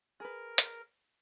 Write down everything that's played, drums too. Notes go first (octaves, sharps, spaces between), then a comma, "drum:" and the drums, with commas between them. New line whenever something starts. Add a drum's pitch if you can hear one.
G#4 A#4 B4
drum: hi-hat